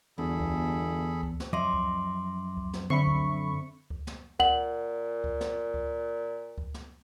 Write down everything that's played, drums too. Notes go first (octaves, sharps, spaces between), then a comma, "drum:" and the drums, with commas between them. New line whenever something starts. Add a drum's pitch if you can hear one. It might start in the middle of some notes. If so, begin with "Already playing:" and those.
G1 E2 G#4 A4 B5
drum: kick C#2
drum: kick C#2
drum: snare
F#2 F3 D#5 E5 C6 D6
drum: kick C#2
drum: kick C#2
drum: snare
D3 C4 E5 B5 C#6 C7
drum: kick C#2
drum: kick C#2
drum: snare
A#2 F#5 F#7, drum: kick C#2
drum: kick C#2
drum: snare
drum: kick C#2
drum: kick C#2
drum: snare